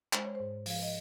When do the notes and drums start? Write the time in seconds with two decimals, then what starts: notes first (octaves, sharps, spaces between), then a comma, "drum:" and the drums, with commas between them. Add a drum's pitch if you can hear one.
0.13 G#3 C5, drum: clap
0.25 C#5
0.35 G#2 C5
0.66 F3 F5, drum: open hi-hat
0.82 D#5